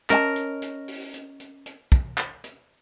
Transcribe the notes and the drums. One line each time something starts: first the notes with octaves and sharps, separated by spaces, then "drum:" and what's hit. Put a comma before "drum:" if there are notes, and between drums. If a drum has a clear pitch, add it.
C#4 A#4 D#5 A5, drum: clap
drum: hi-hat
drum: hi-hat
drum: open hi-hat
drum: hi-hat
drum: hi-hat
drum: hi-hat
drum: kick, hi-hat
drum: clap
drum: hi-hat